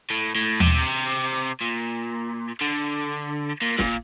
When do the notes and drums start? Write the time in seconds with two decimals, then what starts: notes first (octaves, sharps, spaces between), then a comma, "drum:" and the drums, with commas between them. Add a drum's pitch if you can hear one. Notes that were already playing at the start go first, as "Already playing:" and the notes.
0.10 A2
0.35 A2
0.60 C3, drum: tom D#2
1.32 drum: hi-hat
1.61 A#2
2.61 D3
3.62 A#2
3.79 A#2, drum: snare